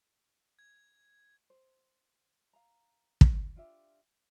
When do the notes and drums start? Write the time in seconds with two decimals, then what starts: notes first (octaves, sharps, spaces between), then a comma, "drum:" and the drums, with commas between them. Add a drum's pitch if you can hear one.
0.59 G#6
1.50 C5
2.53 F5 A#5
3.21 drum: kick
3.56 D4 F4 G4 E5